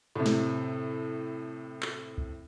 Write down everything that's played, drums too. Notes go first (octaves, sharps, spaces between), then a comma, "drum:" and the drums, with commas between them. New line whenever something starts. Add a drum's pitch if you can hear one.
A2 C3
drum: snare
drum: clap
drum: kick